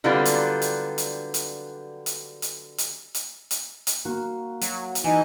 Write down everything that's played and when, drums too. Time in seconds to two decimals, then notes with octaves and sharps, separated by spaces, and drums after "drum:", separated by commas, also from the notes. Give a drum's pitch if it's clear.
0.04 D3 F#3 G3 B3 C4 F4
0.25 drum: hi-hat
0.62 drum: hi-hat
0.98 drum: hi-hat
1.34 drum: hi-hat
2.06 drum: hi-hat
2.42 drum: hi-hat
2.78 drum: hi-hat
3.15 drum: hi-hat
3.51 drum: hi-hat
3.87 drum: hi-hat
4.05 A#3 F#4
4.61 F#3, drum: hi-hat
4.95 drum: hi-hat
5.04 E3 D#4 G#5